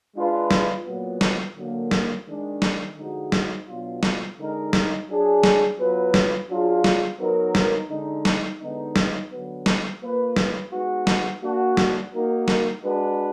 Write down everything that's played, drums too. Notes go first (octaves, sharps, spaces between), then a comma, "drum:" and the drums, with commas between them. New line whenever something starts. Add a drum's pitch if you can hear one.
G#3 D4 F4 B4
drum: snare
A#2 F#3 B3
drum: snare
D3 F#3 A#3
drum: snare
D#3 G#3 D4
drum: snare
D3 F3 G#3 D#4 F#4
drum: snare
B2 F#3 B3 D4 F4
drum: snare
D3 G#3 D#4 A#4
drum: snare
F#3 D4 G#4
drum: snare
F#3 B3 F4 B4
drum: snare
F#3 D4 F4 G#4
drum: snare
F#3 B3 D#4 A#4
drum: snare
D3 G#3 D#4
drum: snare
D3 G#3 B3 D#4
drum: snare
D3 F#3 B3
drum: snare
A#3 F4 B4
drum: snare
G#3 B3 D#4 F#4
drum: snare
A#3 D4 F#4
drum: snare
A#3 D#4 F#4 A#4
drum: snare
G#3 D4 F#4 B4